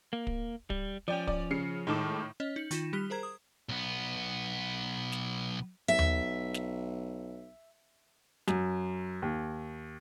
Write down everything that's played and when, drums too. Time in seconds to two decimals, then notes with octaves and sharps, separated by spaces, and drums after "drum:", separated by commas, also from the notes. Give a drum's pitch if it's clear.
0.13 A#3
0.27 drum: kick
0.70 G3, drum: kick
1.08 F3 C#4 D5 G5
1.27 D5, drum: kick
1.51 C#3 C7 C#7
1.87 A2 D#3 G#3 A4 D6
2.40 C#4 C#5 D#5
2.56 D#4 C#7 F#7
2.71 D#3 D#4 F4 A#6 E7, drum: hi-hat
2.93 G3 G4 F#6 B6 G7
3.10 G#4 A#4 C5 A#5 G#6
3.23 D#6
3.69 B1 B3
5.12 drum: snare
5.88 B1 E5
5.99 drum: tom D#2
6.54 drum: snare
8.48 F#2, drum: snare
9.22 D#2